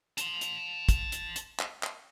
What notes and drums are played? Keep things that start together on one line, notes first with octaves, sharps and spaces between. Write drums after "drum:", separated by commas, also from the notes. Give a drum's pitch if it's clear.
A5 C6, drum: hi-hat
drum: hi-hat
drum: kick, hi-hat
drum: hi-hat
drum: hi-hat
drum: clap
drum: clap